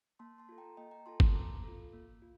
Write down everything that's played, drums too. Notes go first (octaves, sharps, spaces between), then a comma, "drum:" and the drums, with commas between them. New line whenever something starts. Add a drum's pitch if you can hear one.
A#3 A5 C6
A5 C6
F4 A4
G5 A#5
A#3 D#5 G5
G5 A#5
F4 A4 A5 C6
A5 C6, drum: kick G1
A#3 A#5 D6
F4 A4
A#3
F4